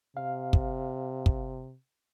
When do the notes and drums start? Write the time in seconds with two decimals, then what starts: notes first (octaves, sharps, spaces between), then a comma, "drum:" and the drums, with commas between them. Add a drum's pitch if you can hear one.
0.17 C3 F5
0.53 drum: kick
1.26 drum: kick